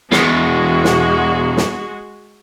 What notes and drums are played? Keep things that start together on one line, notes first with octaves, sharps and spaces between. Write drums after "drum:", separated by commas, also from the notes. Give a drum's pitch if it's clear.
E2 B2 G#3 F#4, drum: snare
drum: snare
drum: snare